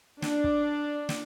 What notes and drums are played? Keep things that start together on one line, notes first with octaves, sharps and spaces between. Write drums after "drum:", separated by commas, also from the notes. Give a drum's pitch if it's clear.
D4, drum: snare
drum: kick
drum: snare